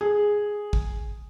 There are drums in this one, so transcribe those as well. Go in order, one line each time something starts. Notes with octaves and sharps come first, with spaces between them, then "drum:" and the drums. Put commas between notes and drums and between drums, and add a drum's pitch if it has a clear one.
G#4
drum: kick